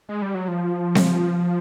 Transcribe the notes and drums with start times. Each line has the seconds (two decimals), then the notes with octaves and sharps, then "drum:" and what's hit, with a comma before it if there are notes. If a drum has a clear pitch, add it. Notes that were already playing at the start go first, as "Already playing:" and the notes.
0.09 G#3
0.22 G3
0.35 F#3
0.48 F3
0.95 drum: snare C4